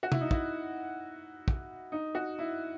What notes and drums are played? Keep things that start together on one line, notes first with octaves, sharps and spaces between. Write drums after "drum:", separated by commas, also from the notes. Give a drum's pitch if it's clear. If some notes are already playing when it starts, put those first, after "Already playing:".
F#4
E4, drum: tom
D#4
E4, drum: kick
drum: kick
D#4
F#4
E4